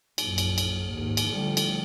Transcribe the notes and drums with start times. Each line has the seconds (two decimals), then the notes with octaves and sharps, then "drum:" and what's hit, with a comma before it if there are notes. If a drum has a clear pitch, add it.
0.18 A#1 F#2 A#2, drum: cymbal
0.38 drum: cymbal
0.58 drum: cymbal
0.91 D#2 G#2
1.17 drum: cymbal
1.29 D3 F3 G3 A3
1.57 drum: cymbal